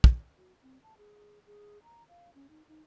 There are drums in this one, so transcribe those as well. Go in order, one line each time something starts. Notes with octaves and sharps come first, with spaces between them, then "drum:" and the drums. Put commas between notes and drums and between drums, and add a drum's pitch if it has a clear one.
drum: kick
F#4
C4
A5
G#4
G#4
A#5
F5
C#4
D#4
D#4